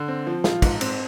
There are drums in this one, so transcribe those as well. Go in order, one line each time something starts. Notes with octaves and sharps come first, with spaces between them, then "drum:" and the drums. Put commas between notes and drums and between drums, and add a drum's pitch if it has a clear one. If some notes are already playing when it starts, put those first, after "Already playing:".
Already playing: D3
C4
F3
F4, drum: snare
G#2, drum: kick, cymbal
C4, drum: cymbal